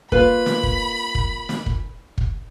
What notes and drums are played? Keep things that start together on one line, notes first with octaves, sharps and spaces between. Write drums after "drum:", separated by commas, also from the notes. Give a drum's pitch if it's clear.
A#3 F4 B4 B5, drum: kick
drum: snare
drum: kick
drum: kick
drum: snare
drum: kick
drum: kick